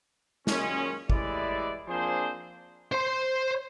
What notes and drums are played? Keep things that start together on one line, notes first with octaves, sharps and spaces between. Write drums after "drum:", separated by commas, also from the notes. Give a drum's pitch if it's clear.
F#2 A#2 D#3 G#3 C#4, drum: snare
A2 E3 G3 G#3 E4 D5, drum: kick G#1
F3 A#3 C4 D4 G#4 C5
C5 C6